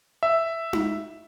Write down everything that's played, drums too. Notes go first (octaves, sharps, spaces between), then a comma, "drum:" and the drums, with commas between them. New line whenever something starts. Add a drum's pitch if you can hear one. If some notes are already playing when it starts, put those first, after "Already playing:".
E5
drum: tom D#4